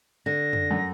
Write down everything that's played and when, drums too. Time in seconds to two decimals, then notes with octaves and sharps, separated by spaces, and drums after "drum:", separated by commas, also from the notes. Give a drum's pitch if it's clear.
0.26 D3 A#6
0.53 drum: tom F2
0.71 F#2